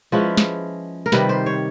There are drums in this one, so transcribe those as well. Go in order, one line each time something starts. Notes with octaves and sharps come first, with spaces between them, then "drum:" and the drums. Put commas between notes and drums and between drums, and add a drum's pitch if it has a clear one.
F3 G#3 C#4 E4 B4
drum: snare
A#4
C3 D#3 G3 B4, drum: snare
C5
C#5